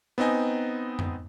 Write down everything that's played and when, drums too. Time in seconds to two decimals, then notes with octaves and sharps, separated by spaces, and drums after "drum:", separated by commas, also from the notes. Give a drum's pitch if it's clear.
0.18 B3 C4 D#4 D#5 G#5
0.99 drum: tom F2